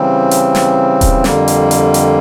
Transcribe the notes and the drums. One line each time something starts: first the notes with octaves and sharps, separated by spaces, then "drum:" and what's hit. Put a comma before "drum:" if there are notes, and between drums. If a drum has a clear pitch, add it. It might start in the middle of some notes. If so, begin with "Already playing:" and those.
Already playing: C#3 E3 G3 C4
drum: hi-hat
drum: snare
drum: kick D#1, hi-hat
F2 D3 G3 A#3, drum: snare
drum: hi-hat
drum: hi-hat
drum: hi-hat